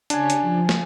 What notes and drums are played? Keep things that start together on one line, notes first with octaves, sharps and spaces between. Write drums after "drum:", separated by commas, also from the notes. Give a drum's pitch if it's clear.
C#3 D4 G4 C#5 G#5 A5, drum: hi-hat
drum: hi-hat
F3
drum: snare